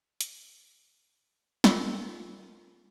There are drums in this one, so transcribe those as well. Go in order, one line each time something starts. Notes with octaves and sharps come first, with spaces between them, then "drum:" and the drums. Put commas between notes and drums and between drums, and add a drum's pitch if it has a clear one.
drum: hi-hat
F4 A#4, drum: snare